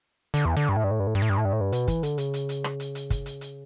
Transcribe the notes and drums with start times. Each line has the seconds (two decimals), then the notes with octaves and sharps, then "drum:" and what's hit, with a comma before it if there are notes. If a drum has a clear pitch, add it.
0.34 D3, drum: hi-hat
0.45 E2
0.57 D3
0.69 G2
0.76 A2
0.84 G2
0.91 A2
1.00 G2
1.07 A2
1.15 G2
1.22 A2
1.30 G2
1.38 A2
1.45 G2
1.53 A2
1.61 G2
1.72 B2, drum: hi-hat
1.88 E3, drum: kick, hi-hat
2.03 D3, drum: hi-hat
2.18 C#3, drum: hi-hat
2.34 drum: hi-hat
2.49 drum: hi-hat
2.64 drum: rim click
2.80 drum: hi-hat
2.95 drum: hi-hat
3.10 drum: kick, hi-hat
3.26 drum: hi-hat
3.41 drum: hi-hat